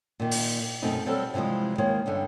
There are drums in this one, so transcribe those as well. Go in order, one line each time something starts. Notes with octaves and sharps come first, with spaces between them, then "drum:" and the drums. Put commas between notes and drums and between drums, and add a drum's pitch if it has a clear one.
A#2 D#3
drum: open hi-hat
F#2 B2 A3 C4 D#4
F#3 G3 C4 A4 A#4
C3 E3 F3 G3 G#3
D#3 G#3 A#3 C5 C#5
G2 D3 C#4 D#4